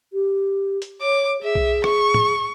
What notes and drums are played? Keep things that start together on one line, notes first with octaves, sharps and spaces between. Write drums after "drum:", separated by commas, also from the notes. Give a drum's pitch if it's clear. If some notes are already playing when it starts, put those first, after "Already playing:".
G4
drum: hi-hat
C#5 D6
G#4 E5
drum: kick B1
C#6, drum: rim click
drum: tom